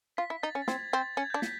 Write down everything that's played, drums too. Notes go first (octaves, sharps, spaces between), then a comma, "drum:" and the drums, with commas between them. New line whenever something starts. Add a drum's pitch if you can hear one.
F4 B6
E4
D#4 A6
C#4
A6
C4 G#6, drum: snare
C4 A6
C#4 G#6
G6
D4
B6, drum: snare